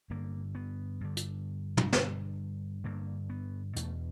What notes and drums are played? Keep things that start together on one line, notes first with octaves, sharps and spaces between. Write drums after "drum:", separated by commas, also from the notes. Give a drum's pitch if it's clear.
G2 D3 A#3
B3
G2 D3
drum: hi-hat
drum: tom
G2 D3, drum: snare
G2 D3 A#3
B3
E2 B2 A3, drum: hi-hat